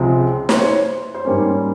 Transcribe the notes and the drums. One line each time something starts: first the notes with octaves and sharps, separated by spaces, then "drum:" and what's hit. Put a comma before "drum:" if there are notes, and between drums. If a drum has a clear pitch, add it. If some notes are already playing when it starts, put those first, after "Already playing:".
Already playing: C#2 C3 F3 G#3
C5, drum: snare
C#5
C5
C5
G#2 G3 A#3 C#4 C#5